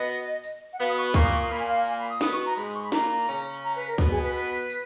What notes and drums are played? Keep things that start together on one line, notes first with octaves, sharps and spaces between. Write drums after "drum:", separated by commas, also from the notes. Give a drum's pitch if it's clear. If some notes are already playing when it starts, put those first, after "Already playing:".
Already playing: B2 B3 D#5
drum: tambourine
F#5
B2 B3 F5
D#6
C#6
B5
A#2 A#3 C#6, drum: kick C#2, tambourine
D#6
C#6
D#6
A#2 A#3 B5
G#5
F5
G#5, drum: tambourine
B5
D#6
B2 B3 D#6, drum: snare
C#6
A#5
G#2 G#3 B5, drum: tambourine
D#6
C#6
B5
A#2 A#3 A#5, drum: snare
C#3 C#4, drum: tambourine
A#5
B4
A#4
B2 B3, drum: kick C#2, tambourine
G#4
B4
B4
drum: tambourine